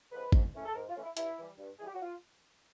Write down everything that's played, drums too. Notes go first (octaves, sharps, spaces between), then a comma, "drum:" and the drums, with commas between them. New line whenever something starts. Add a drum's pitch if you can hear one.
D3 F3 G#3 C4 B4
G#2, drum: kick
E3 A3 C#4
A4
G#2 A#4
F4
E3 A3 C#4
E4
G2 E4, drum: hi-hat
E3 G3
G2
E3 G3 G#4
G4
F#4
F4